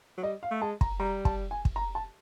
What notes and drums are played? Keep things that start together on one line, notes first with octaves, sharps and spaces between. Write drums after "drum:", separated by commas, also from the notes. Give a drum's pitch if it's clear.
F#3
G3 D#5
F5
A3
G#3 A5
A#5, drum: kick
G3 A#5
A5, drum: kick
G#5
drum: kick
A#5
A5